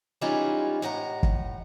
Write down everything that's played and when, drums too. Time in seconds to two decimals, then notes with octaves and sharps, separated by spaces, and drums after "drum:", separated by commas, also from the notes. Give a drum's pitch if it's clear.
0.21 E3 G3 G#3 C#4 D#4 F4
0.82 A2 D#5 F#5 A#5
1.23 drum: kick